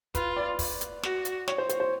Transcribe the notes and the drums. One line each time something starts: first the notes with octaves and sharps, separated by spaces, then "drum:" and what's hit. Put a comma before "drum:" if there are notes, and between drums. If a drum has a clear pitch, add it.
F4 B4, drum: kick, hi-hat
D5
drum: kick, open hi-hat
drum: hi-hat
F#4, drum: snare
drum: hi-hat
C#5, drum: snare
C5
C5, drum: hi-hat
C5